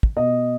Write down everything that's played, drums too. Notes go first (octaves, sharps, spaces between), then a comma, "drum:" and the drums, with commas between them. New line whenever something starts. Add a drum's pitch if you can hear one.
drum: kick
B2 D#5